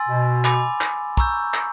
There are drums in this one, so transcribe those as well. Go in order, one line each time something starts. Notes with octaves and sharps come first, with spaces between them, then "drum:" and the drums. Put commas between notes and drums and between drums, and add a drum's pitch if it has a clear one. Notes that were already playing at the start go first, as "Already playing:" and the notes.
Already playing: G#5 C6 E6 A6
B2
G#5 B5 D6, drum: clap
drum: clap
A#5 C#6 E6 G6, drum: kick, hi-hat
drum: clap